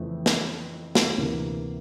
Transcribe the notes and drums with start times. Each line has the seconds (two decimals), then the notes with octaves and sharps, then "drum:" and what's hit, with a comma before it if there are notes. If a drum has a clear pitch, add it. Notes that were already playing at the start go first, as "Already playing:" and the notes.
Already playing: F2 C#3 E3 A3 C4
0.26 drum: snare
0.95 drum: snare
1.16 D2 C3 E3 A#3 A#4